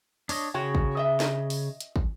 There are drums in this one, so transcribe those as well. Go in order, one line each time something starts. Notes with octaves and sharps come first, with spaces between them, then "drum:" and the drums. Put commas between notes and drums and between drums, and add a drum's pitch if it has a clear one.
D4 C#5 D#5, drum: open hi-hat
C#3 F#4 C#5 G5
drum: kick
D#5 E5
drum: snare
drum: open hi-hat
drum: hi-hat
drum: kick